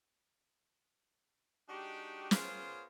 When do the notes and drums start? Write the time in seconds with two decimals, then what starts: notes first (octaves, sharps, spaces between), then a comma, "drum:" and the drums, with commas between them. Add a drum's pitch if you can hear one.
1.69 G#3 D4 D#4 F#4 G4
2.31 B3 F4 G#4 A#4 C5 C#5, drum: snare